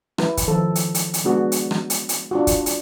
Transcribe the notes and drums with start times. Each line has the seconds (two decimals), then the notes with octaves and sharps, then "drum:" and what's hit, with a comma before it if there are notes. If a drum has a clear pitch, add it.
0.18 E4 B4, drum: rim click
0.37 drum: kick, hi-hat
0.47 D#3 F3 A4
0.75 drum: hi-hat
0.95 drum: hi-hat
1.14 drum: hi-hat
1.24 G#3 B3 D4 F#4 G#4
1.52 drum: hi-hat
1.71 drum: rim click
1.90 drum: hi-hat
2.09 drum: hi-hat
2.31 D4 F4 F#4
2.47 drum: kick, hi-hat
2.66 drum: hi-hat